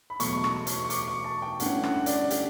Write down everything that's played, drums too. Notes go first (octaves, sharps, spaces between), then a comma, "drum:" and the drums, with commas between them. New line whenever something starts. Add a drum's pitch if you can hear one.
B5
E2 B2 F#3 A3 C#6, drum: hi-hat
C#6, drum: rim click
C#6, drum: hi-hat
C#6
D6, drum: hi-hat
C#6
A5
G5
G2 D3 A3 C#4 E4 F#5, drum: hi-hat
F#5, drum: rim click
D5, drum: hi-hat
G4, drum: hi-hat